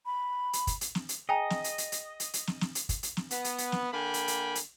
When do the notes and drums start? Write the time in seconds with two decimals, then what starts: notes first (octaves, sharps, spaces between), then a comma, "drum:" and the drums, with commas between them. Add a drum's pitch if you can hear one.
0.06 B5
0.53 drum: hi-hat
0.67 drum: kick, hi-hat
0.81 drum: hi-hat
0.95 drum: snare
1.09 drum: hi-hat
1.29 G#4 D#5 G5 G#5 A#5
1.50 drum: snare
1.64 drum: hi-hat
1.78 drum: hi-hat
1.92 drum: hi-hat
2.20 drum: hi-hat
2.34 drum: hi-hat
2.47 drum: snare
2.61 drum: snare
2.75 drum: hi-hat
2.89 drum: kick, hi-hat
3.03 drum: hi-hat
3.17 drum: snare
3.31 B3, drum: hi-hat
3.44 drum: hi-hat
3.58 drum: hi-hat
3.72 drum: snare
3.92 D3 A#3 G5 G#5 B5
4.14 drum: hi-hat
4.28 drum: hi-hat
4.55 drum: hi-hat